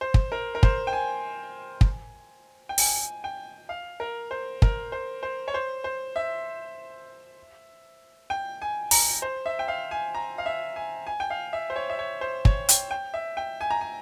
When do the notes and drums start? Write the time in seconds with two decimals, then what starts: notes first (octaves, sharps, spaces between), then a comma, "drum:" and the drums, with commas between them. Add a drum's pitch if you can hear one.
0.01 C5
0.14 drum: kick
0.32 A#4
0.55 A#4
0.63 C5, drum: kick
0.87 G5
0.93 G#5
1.81 drum: kick
2.69 G5
2.78 G#5, drum: open hi-hat
3.24 G5
3.69 F5
4.00 A#4
4.31 C5
4.62 A#4, drum: kick
4.92 C5
5.23 C5
5.48 C#5
5.54 C5
5.84 C5
6.16 E5
8.30 G5
8.62 G#5
8.91 A#5, drum: open hi-hat
9.22 C5
9.46 E5
9.59 G5
9.68 F5
9.91 G#5
10.15 A#5
10.38 F5
10.46 E5
10.76 G#5
11.07 G#5
11.20 G5
11.30 F5
11.53 E5
11.70 C5
11.76 C#5
11.90 E5
11.99 C#5
12.21 C5
12.45 C#5, drum: kick
12.69 G5, drum: hi-hat
12.91 G5
13.14 E5
13.37 G5
13.61 G#5
13.71 A#5
13.81 G#5